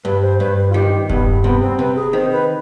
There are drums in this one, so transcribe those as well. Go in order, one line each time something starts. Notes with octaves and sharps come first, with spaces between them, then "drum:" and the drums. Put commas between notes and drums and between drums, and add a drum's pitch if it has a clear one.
G2 B4
C5
G2 B4
B4
F4
D#3 G4
G2 B3, drum: kick E1
C3 B3
C4
C3 B4
G#4
D#3 C5
B4